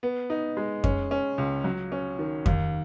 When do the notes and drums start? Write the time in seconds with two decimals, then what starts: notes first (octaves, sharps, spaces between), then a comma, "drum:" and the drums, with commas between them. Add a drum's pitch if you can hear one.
0.03 B3
0.30 D#4
0.57 G#3
0.84 C#4, drum: kick F2
1.11 C#4
1.38 C#2
1.64 F#3
1.92 C#4
2.19 D#3
2.46 D#2, drum: kick F2